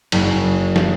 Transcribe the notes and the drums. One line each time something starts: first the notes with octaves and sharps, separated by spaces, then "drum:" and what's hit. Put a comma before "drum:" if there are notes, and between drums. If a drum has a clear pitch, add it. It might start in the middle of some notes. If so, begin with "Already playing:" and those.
F#1, drum: cymbal
drum: snare